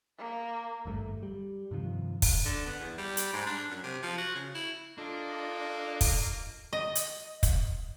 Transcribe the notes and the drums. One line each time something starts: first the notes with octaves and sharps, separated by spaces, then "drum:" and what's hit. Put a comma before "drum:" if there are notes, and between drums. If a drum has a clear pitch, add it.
A#3
G#1 G2 A3
G3
G2 C3 D#3 F3
drum: kick, open hi-hat
D3
B3
E2
G3
drum: hi-hat
G#2
D4
F#2
C3
F3
F#4
C#3
E4
A#3 D4 F4 A4 D#5
drum: kick, open hi-hat
D#5
drum: hi-hat
drum: kick, hi-hat